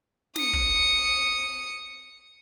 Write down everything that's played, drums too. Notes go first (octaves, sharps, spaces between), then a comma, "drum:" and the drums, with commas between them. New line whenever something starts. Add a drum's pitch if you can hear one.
D#6 C#7, drum: snare
drum: kick